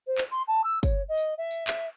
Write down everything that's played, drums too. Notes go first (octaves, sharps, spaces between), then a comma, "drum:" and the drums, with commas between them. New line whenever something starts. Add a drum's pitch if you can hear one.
C5
drum: clap
C6
A5
E6
C#5, drum: kick, tambourine
D#5
drum: tambourine
E5
drum: tambourine
E5, drum: clap